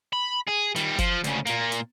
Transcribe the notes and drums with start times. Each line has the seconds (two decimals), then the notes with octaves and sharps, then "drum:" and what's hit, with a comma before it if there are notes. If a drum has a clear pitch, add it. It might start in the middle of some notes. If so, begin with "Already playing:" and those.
0.13 B5
0.48 G#4
0.76 D#3 G3, drum: hi-hat
0.98 F3, drum: kick, hi-hat
1.24 D2 C#3, drum: hi-hat
1.47 A#2 A#3, drum: hi-hat
1.72 drum: hi-hat